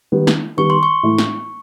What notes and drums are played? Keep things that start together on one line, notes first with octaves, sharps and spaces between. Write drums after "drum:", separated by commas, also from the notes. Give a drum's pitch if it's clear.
D#3 G3 B3
drum: snare
D#3 G3 B3 C#6
C6
C#6
A2 E3 A3
drum: snare